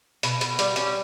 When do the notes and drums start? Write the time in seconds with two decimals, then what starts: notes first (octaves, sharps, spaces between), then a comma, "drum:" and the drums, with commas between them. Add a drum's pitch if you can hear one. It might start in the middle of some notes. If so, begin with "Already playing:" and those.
0.23 B2, drum: hi-hat
0.41 B2, drum: hi-hat
0.59 G3, drum: hi-hat
0.76 C#4, drum: hi-hat